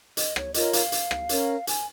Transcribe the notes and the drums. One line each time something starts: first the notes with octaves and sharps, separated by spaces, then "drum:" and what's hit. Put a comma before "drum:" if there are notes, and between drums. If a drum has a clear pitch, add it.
D#5, drum: hi-hat
C#5, drum: rim click
F4 A#4 C#5 D#5, drum: hi-hat
F5, drum: hi-hat
drum: hi-hat
drum: rim click
C#4 A#4 C#5, drum: hi-hat
G#5, drum: hi-hat